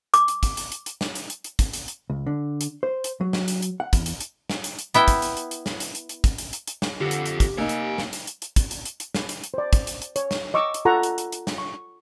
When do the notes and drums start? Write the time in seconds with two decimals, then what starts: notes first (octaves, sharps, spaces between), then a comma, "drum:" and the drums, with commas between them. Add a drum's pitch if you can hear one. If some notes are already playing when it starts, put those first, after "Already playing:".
0.14 D6, drum: hi-hat
0.28 drum: hi-hat
0.43 drum: kick, hi-hat
0.57 drum: hi-hat
0.72 drum: hi-hat
0.86 drum: hi-hat
1.01 drum: snare
1.15 drum: hi-hat
1.30 drum: hi-hat
1.44 drum: hi-hat
1.59 drum: kick, hi-hat
1.73 drum: hi-hat
1.88 drum: hi-hat
2.10 C#2
2.26 D3
2.61 drum: hi-hat
2.83 C5
3.04 drum: hi-hat
3.21 F#3
3.33 drum: snare
3.48 drum: hi-hat
3.62 drum: hi-hat
3.80 F#5
3.93 E2, drum: kick, hi-hat
4.06 drum: hi-hat
4.20 drum: hi-hat
4.50 drum: snare
4.64 drum: hi-hat
4.79 drum: hi-hat
4.94 B3 E4 G5, drum: hi-hat
5.08 drum: kick, hi-hat
5.22 drum: hi-hat
5.37 drum: hi-hat
5.51 drum: hi-hat
5.66 drum: snare
5.80 drum: hi-hat
5.95 drum: hi-hat
6.09 drum: hi-hat
6.24 drum: kick, hi-hat
6.38 drum: hi-hat
6.53 drum: hi-hat
6.67 drum: hi-hat
6.82 drum: snare
7.01 D3 F4 G4 A4 F#5 A#6
7.11 drum: hi-hat
7.26 drum: hi-hat
7.40 drum: kick, hi-hat
7.58 A#3 D#4 F5 G#5 E6
7.69 drum: hi-hat
7.98 drum: snare
8.13 drum: hi-hat
8.27 drum: hi-hat
8.42 drum: hi-hat
8.56 drum: kick, hi-hat
8.71 drum: hi-hat
8.85 drum: hi-hat
9.00 drum: hi-hat
9.15 drum: snare
9.29 drum: hi-hat
9.44 drum: hi-hat
9.54 C5 D5
9.73 drum: kick, hi-hat
9.87 drum: hi-hat
10.02 drum: hi-hat
10.16 C#5, drum: hi-hat
10.31 drum: snare
10.54 D#5 C#6 D6 E6
10.74 drum: hi-hat
10.85 F4 A4 F#5 A#5 C#6
11.03 drum: hi-hat
11.18 drum: hi-hat
11.32 drum: hi-hat
11.47 drum: snare
11.58 C#6